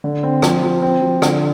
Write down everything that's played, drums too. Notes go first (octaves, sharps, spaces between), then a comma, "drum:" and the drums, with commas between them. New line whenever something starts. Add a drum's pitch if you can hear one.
D3
C4
F3, drum: rim click
F3
C4
F3
D3, drum: rim click